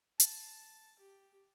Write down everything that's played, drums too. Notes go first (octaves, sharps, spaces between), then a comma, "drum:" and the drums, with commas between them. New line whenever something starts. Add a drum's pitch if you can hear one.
A5, drum: hi-hat
G4